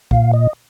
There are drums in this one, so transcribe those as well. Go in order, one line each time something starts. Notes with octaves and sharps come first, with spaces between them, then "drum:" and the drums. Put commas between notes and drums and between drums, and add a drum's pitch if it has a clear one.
A#2 F5, drum: kick
D#5